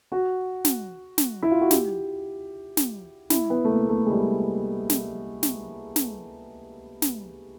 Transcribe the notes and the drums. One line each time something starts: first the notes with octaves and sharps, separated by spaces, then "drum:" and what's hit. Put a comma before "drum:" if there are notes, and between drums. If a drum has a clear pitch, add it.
F#4
drum: snare
drum: snare
E4
F4
F#4
G4, drum: snare
drum: snare
E4, drum: snare
B3
A3
A#3
A3
G#3
G3
drum: snare
drum: snare
drum: snare
drum: snare